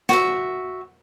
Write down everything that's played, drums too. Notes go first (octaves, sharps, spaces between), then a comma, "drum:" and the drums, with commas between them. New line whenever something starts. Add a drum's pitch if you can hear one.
F#4 E5, drum: snare